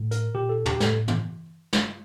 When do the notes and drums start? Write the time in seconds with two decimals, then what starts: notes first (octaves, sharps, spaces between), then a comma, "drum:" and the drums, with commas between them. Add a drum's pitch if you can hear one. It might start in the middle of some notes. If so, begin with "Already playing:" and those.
Already playing: A2
0.11 A#4, drum: hi-hat
0.34 A#2 G4
0.49 A4
0.66 G4, drum: tom
0.77 G4
0.80 A2 A4, drum: snare
1.08 drum: tom
1.73 drum: snare